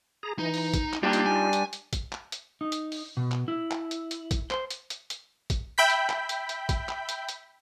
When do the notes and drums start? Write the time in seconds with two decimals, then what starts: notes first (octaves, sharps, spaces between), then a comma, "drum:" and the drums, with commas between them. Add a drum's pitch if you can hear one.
0.23 G#4 A#5
0.39 E3 D#4
0.54 drum: open hi-hat
0.74 drum: kick, hi-hat
0.93 drum: clap
1.03 G3 A#3 D4 D#4 F4 G4
1.13 drum: hi-hat
1.26 G#5
1.53 drum: hi-hat
1.73 drum: hi-hat
1.93 drum: kick, hi-hat
2.12 drum: clap
2.32 drum: hi-hat
2.61 D#4
2.72 drum: hi-hat
2.92 drum: open hi-hat
3.17 B2
3.32 drum: clap
3.48 E4
3.71 drum: clap
3.91 drum: hi-hat
4.11 drum: hi-hat
4.31 drum: kick, hi-hat
4.51 C5, drum: clap
4.71 drum: hi-hat
4.90 drum: hi-hat
5.10 drum: hi-hat
5.50 drum: kick, hi-hat
5.78 E5 G5 B5 G6 B6
5.90 drum: hi-hat
6.09 drum: clap
6.29 drum: hi-hat
6.49 drum: hi-hat
6.69 drum: kick, hi-hat
6.89 drum: clap
7.09 drum: hi-hat
7.29 drum: hi-hat